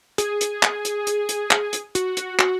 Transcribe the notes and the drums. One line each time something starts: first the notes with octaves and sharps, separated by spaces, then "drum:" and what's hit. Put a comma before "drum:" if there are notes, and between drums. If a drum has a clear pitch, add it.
G#4, drum: hi-hat
drum: hi-hat
drum: clap
drum: hi-hat
drum: hi-hat
drum: hi-hat
drum: clap
drum: hi-hat
F#4, drum: hi-hat
drum: hi-hat
F#4, drum: clap